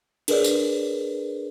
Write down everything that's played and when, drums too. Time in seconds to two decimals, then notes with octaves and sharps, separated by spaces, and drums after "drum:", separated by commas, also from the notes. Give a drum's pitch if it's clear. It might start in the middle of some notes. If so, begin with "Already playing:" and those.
0.28 D4 G#4 A#4 B4 C#5 D5, drum: cymbal
0.44 drum: tambourine